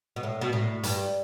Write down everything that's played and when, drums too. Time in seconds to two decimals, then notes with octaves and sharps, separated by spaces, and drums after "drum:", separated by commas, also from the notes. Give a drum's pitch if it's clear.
0.16 B2
0.23 A2
0.41 B2
0.53 A2
0.83 G2, drum: hi-hat